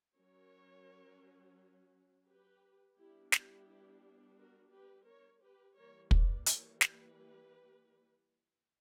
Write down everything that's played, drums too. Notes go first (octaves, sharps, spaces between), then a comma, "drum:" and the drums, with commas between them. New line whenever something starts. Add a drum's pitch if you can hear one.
F#3 C#4 A#4 C#5
G4 B4
G3 B3 D4 E4 G4
E4 G4, drum: snare
F#4 A#4
G4 B4
A#4 C#5
G4 B4
E3 G3 A#3 A#4 C#5
B4 D5, drum: kick
A#4 C#5, drum: hi-hat
G4 B4, drum: snare